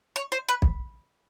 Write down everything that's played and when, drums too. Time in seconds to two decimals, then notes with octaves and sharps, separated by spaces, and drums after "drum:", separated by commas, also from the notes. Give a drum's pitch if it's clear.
0.16 C#5
0.32 C5
0.49 B4
0.62 drum: kick B1